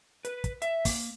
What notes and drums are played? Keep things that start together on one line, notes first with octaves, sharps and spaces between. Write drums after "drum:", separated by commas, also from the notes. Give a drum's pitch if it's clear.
B4, drum: hi-hat
drum: kick, hi-hat
E5, drum: hi-hat
A#3, drum: kick, open hi-hat